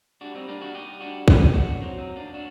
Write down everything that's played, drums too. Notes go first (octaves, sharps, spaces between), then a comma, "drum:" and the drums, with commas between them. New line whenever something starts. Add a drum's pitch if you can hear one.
G3 D4 F#4
C4 D#4
A#3 D4
D4 F#4
G3 D#4 G4
D4 F#4
C4 D#4, drum: kick
D4 F#4
F#3 C4 D#4
C4 D#4
A#3 D4
D4 F#4